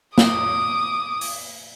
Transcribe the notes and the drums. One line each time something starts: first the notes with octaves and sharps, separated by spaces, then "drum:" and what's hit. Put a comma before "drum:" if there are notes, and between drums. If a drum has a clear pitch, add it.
D6 D#6, drum: snare
drum: open hi-hat